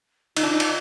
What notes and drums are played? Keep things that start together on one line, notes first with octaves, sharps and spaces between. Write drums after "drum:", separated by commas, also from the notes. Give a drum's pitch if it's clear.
D#4 F4, drum: cymbal
D4
D#4
drum: cymbal